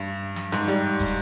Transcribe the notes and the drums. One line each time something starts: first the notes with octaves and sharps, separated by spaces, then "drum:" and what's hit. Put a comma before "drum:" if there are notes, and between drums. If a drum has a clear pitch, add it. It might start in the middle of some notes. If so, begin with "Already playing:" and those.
Already playing: G2
drum: snare
G#2, drum: snare
G3, drum: hi-hat
drum: kick, open hi-hat